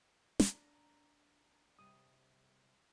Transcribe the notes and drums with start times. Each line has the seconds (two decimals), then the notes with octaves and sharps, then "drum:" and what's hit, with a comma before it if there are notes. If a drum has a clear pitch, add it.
0.40 D4 A#5, drum: snare
1.79 C3 G3 D#6